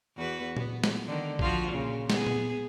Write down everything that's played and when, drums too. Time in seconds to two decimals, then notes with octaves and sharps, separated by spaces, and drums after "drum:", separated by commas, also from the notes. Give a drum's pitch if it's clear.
0.16 E2 F#4 B4
0.57 B3, drum: tom A#2
0.84 drum: snare
1.07 D3 D#3
1.39 F3 F4 F#4, drum: kick A1
1.70 A#2 C#3
2.10 B3 G#4, drum: snare
2.27 drum: tom A#2